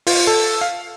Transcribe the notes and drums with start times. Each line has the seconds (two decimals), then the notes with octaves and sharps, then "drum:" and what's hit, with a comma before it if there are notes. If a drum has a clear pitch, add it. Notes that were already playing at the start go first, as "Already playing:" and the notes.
0.07 F4, drum: open hi-hat
0.27 A4
0.61 F5